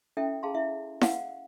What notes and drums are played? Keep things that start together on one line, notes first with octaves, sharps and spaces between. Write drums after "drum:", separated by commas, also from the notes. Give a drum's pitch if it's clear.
C#4 E4 A4 E5 G5
G#4 F5 A5 A#5 C6
E4 E5
F5 F#5, drum: snare E4